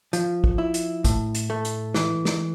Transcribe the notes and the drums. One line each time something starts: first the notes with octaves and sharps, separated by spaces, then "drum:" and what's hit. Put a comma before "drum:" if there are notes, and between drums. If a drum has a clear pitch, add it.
F3, drum: hi-hat
drum: kick
E4
drum: hi-hat
A2, drum: kick, hi-hat
drum: hi-hat
A3
drum: hi-hat
E3, drum: snare
drum: snare